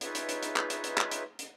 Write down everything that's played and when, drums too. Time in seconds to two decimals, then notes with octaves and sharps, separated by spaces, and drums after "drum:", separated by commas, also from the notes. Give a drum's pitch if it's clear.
0.01 D#4 F4 G#4 B4 C#5 E5, drum: hi-hat
0.15 drum: hi-hat
0.29 drum: hi-hat
0.43 drum: hi-hat
0.56 drum: clap
0.70 drum: hi-hat
0.84 drum: hi-hat
0.98 drum: clap
1.11 drum: hi-hat
1.39 drum: hi-hat